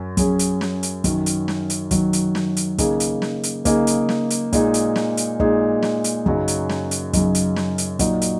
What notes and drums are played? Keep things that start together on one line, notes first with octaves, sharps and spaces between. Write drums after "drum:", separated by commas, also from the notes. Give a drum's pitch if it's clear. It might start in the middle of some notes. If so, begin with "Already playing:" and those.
Already playing: F#2 F#3
F#2 F#3 C#4 G#4, drum: kick, hi-hat
drum: hi-hat
drum: snare
drum: hi-hat
F#2 D#3 F#3, drum: kick, hi-hat
drum: hi-hat
drum: snare
drum: hi-hat
F#2 D#3 F#3, drum: kick, hi-hat
drum: hi-hat
drum: snare
drum: hi-hat
C#3 A#3 D#4 G#4, drum: kick, hi-hat
drum: hi-hat
drum: snare
drum: hi-hat
C#3 A#3 D#4 G#4, drum: kick, hi-hat
drum: hi-hat
drum: snare
drum: hi-hat
A#2 G#3 D#4, drum: kick, hi-hat
drum: hi-hat
drum: snare
drum: hi-hat
A#2 G#3 D#4, drum: kick
drum: snare
drum: hi-hat
F#2 C#3 F#3 D#4, drum: kick
drum: hi-hat
drum: snare
drum: hi-hat
F#2 C#3 F#3 D#4, drum: kick, hi-hat
drum: hi-hat
drum: snare
drum: hi-hat
A#2 F#3 D#4 F#4, drum: kick, hi-hat
drum: hi-hat